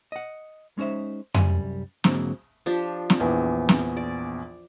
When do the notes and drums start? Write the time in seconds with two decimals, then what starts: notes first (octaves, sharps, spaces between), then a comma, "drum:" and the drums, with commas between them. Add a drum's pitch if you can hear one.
0.12 D#5 F#5
0.78 G#3 C#4 D#4 C5 E5
1.34 C2 F#2 G3 A3 G#5 C6, drum: tom F2
2.04 G#2 D3 F#3 G#3 A#3 C4, drum: snare
2.66 F3 D4 G4
3.10 drum: snare
3.20 A#1 E2
3.69 drum: snare
3.97 D5